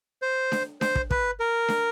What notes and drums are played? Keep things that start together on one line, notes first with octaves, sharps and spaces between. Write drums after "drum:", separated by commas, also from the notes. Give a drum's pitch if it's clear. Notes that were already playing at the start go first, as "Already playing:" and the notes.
C5
drum: snare D4
C5, drum: snare D4
drum: kick
B4, drum: kick
A#4
drum: snare D4